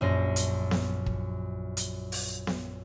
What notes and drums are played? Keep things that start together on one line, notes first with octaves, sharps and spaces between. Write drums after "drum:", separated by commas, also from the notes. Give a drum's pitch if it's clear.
A#1 F#2 C6 A#6
drum: hi-hat
drum: snare B3
drum: kick
drum: hi-hat
drum: open hi-hat
drum: snare B3